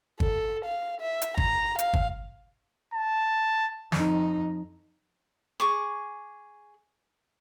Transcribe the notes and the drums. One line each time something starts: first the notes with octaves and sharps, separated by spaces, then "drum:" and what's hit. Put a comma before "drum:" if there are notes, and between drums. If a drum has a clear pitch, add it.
A4, drum: kick
F5
E5
drum: hi-hat
A#5, drum: kick
F5, drum: hi-hat
drum: kick
A5
F2 D#4, drum: snare
G#4 C#6 D6